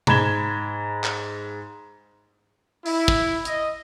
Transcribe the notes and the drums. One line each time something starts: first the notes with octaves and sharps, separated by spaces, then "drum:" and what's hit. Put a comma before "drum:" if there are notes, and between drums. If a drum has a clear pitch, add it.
G#2 A#5 B5 G#6 E7 G7, drum: tom B2
drum: clap
E4, drum: open hi-hat
drum: kick
D#5, drum: hi-hat